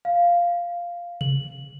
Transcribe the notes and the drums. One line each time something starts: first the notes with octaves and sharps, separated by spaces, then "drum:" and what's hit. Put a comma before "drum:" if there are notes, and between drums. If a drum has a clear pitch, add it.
F5
F#7, drum: tom C3